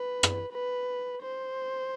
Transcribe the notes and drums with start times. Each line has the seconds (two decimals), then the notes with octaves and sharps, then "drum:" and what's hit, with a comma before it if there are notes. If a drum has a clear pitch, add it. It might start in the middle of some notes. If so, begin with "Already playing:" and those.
Already playing: B4
0.23 drum: rim click
0.52 B4
1.22 C5